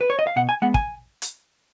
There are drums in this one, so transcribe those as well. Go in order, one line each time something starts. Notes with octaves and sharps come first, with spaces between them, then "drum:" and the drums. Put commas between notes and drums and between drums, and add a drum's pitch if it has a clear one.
B4
C#5
D#5
F5
B2 F#5
G#5
G#3 B3 F#5
G#5, drum: kick
drum: hi-hat